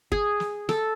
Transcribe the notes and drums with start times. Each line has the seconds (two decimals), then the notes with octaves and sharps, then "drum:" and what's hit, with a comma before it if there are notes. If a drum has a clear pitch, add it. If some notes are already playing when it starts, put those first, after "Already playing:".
0.12 G#4, drum: kick
0.40 drum: snare
0.69 A4, drum: snare